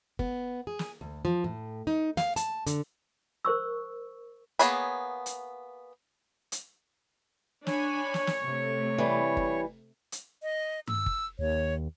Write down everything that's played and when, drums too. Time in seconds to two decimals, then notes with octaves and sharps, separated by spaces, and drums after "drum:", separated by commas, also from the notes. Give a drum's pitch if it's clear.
0.19 B3, drum: kick
0.67 G#4
0.79 drum: snare
1.01 D2
1.25 F3
1.44 A2
1.87 D#4
2.17 F5, drum: snare
2.36 A5, drum: hi-hat
2.66 D3, drum: hi-hat
3.45 A#4 C5 C#6 E6
4.59 A#3 B3 G#4 C#5 B5, drum: hi-hat
5.26 drum: hi-hat
6.52 drum: hi-hat
7.67 D4 C#5 G#5 B5, drum: snare
8.14 drum: snare
8.27 drum: snare
8.42 C3 A3
8.98 E3 G3
9.37 drum: kick
10.12 drum: hi-hat
10.43 D#5
10.87 E6, drum: tom G2
11.06 drum: kick
11.39 D#2 C#5